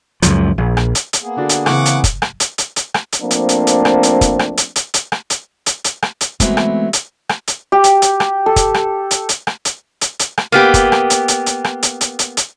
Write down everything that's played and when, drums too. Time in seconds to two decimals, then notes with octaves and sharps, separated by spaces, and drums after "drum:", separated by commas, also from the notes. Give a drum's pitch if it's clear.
0.22 C#2 F#2 F3, drum: hi-hat
0.58 A#1
0.77 drum: rim click
0.95 drum: hi-hat
1.13 drum: hi-hat
1.22 A#3 B3 G#4
1.36 D3 D4 F#4
1.49 drum: hi-hat
1.66 C#3 E3 C4 F#5 C#6 D6, drum: rim click
1.86 drum: hi-hat
2.04 drum: kick, hi-hat
2.22 drum: rim click
2.40 drum: hi-hat
2.58 drum: hi-hat
2.76 drum: hi-hat
2.94 drum: rim click
3.12 drum: hi-hat
3.22 F3 A3 A#3 C4 D4
3.31 drum: hi-hat
3.49 drum: hi-hat
3.67 drum: hi-hat
3.85 drum: rim click
4.03 drum: hi-hat
4.21 drum: kick, hi-hat
4.39 drum: rim click
4.57 drum: hi-hat
4.76 drum: hi-hat
4.94 drum: hi-hat
5.12 drum: rim click
5.30 drum: hi-hat
5.66 drum: hi-hat
5.84 drum: hi-hat
6.03 drum: rim click
6.21 drum: hi-hat
6.40 E3 F#3 G#3 A3 B3 C4, drum: kick, hi-hat
6.57 drum: rim click
6.93 drum: hi-hat
7.29 drum: rim click
7.48 drum: hi-hat
7.72 G4
7.84 drum: hi-hat
8.02 drum: hi-hat
8.20 drum: rim click
8.46 A4
8.56 drum: kick, hi-hat
8.74 drum: rim click
9.11 drum: hi-hat
9.29 drum: hi-hat
9.47 drum: rim click
9.65 drum: hi-hat
10.01 drum: hi-hat
10.19 drum: hi-hat
10.38 drum: rim click
10.52 A#3 B3 G4
10.74 drum: kick, hi-hat
10.92 drum: rim click
11.10 drum: hi-hat
11.28 drum: hi-hat
11.46 drum: hi-hat
11.64 drum: rim click
11.83 drum: hi-hat
12.01 drum: hi-hat
12.19 drum: hi-hat
12.37 drum: hi-hat